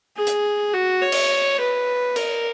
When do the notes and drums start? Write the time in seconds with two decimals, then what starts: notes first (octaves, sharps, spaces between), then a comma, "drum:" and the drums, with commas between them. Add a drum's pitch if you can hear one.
0.17 G#4
0.27 drum: hi-hat
0.74 F#4
1.02 C#5
1.12 drum: cymbal
1.60 B4
2.16 A#4, drum: cymbal